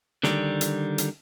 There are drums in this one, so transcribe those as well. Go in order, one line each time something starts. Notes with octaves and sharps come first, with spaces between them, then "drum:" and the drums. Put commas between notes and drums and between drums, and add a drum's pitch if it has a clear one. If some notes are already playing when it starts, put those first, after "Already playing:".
D3 D#3 G3, drum: snare
drum: hi-hat
drum: hi-hat